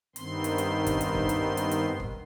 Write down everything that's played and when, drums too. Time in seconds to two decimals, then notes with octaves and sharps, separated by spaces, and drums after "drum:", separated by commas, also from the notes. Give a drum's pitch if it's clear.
0.16 G2 D#3 B3 C4 C6, drum: hi-hat
0.44 drum: hi-hat
0.58 drum: hi-hat
0.87 drum: kick, hi-hat
1.01 drum: hi-hat
1.15 drum: kick
1.29 drum: hi-hat
1.57 drum: hi-hat
1.71 drum: hi-hat
2.00 drum: kick